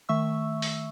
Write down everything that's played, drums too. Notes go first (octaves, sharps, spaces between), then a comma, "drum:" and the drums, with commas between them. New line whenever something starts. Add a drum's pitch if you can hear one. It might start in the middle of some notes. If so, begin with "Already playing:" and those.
D#3 A3 E5 C#6 E6
drum: open hi-hat